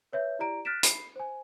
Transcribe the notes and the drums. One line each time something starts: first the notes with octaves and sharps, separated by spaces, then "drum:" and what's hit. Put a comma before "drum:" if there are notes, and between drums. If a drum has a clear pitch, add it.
B4 C#5 E5 G6
E4 G4 D5 A#5 D7
F6 F#6 A6 B6 D7 E7
B5 C7, drum: hi-hat
C5 G#5